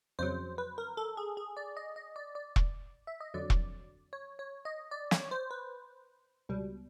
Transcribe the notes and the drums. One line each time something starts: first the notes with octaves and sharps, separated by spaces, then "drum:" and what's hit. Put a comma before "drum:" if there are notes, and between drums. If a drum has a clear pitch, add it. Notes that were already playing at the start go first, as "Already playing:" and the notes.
F2 C#3 F#3 C5
B4
A#4
A4
G#4
G#4
D5
D#5
D#5
D5
D5
drum: kick E1
E5
D#5
F2 D3 F#3 D5
drum: kick E1
C#5
C#5
D#5
D5
C#5, drum: snare
C5
B4
C#2 B2 G3